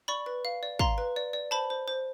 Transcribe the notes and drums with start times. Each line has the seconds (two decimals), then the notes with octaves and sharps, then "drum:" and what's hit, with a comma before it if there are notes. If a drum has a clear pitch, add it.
0.08 D5 B5 C#6
0.26 B4
0.45 F5
0.63 D5
0.79 F5 A#5 C6, drum: kick
0.98 B4
1.16 D5
1.33 D5
1.51 C5 A5 B5
1.70 C5
1.88 C5